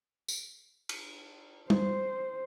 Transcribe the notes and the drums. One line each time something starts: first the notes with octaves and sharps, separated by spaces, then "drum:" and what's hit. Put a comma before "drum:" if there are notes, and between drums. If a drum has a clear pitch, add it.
drum: tambourine
drum: cymbal
C5, drum: tom G3